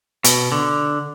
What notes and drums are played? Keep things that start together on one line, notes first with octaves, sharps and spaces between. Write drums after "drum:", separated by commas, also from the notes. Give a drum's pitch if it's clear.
B2, drum: hi-hat
D3